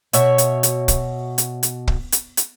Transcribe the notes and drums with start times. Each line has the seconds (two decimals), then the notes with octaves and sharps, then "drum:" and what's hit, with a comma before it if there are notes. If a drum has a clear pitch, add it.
0.13 B2 F#4 C#5 E5, drum: hi-hat
0.38 drum: hi-hat
0.63 drum: hi-hat
0.88 drum: kick, hi-hat
1.38 drum: hi-hat
1.63 drum: hi-hat
1.88 drum: kick
2.12 drum: hi-hat
2.37 drum: hi-hat